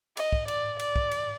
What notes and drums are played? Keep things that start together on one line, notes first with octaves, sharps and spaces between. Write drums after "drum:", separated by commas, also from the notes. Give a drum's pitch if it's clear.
D#5, drum: cymbal
drum: kick
D5, drum: cymbal
D5, drum: cymbal
drum: kick
drum: cymbal